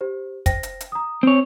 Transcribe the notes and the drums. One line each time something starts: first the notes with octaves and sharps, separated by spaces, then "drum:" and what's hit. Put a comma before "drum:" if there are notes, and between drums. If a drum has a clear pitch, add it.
G4 C5
C5 G5 A#6, drum: kick, hi-hat
drum: hi-hat
drum: hi-hat
A#5 D#6
C4 C5 C#5